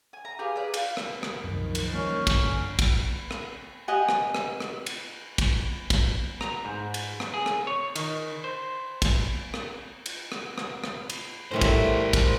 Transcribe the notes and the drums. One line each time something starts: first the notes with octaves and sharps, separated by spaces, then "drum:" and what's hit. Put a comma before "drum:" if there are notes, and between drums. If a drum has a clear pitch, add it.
G#5
A#5
G4 G#4 B4 F5
G#4 B4 D5
F5, drum: cymbal
drum: rim click
drum: rim click
C2 F#2 D#3 F3
drum: cymbal
E3 G3 A#3 C#4
G2 D3, drum: kick, cymbal
drum: kick, cymbal
drum: rim click
G4 D#5 F#5 G#5
drum: rim click
drum: rim click
drum: rim click
drum: cymbal
drum: kick, cymbal
drum: kick, cymbal
A#5, drum: rim click
G#2
drum: cymbal
drum: rim click
G#4
drum: rim click
C#5
D#3, drum: cymbal
C5
drum: kick, cymbal
drum: rim click
drum: cymbal
drum: rim click
drum: rim click
drum: rim click
drum: cymbal
A2 G3 E4 A#4 C5
drum: kick, cymbal
drum: kick, cymbal